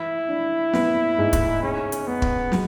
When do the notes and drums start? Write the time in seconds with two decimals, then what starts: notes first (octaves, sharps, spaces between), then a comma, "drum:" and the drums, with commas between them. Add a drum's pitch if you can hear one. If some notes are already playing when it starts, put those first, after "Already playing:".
Already playing: E3 E4
0.29 D4
0.73 B3, drum: snare
1.18 G#2
1.33 drum: kick, hi-hat
1.62 C#3 C#4
1.92 drum: hi-hat
2.07 E2 B3
2.22 drum: kick
2.52 F#3, drum: snare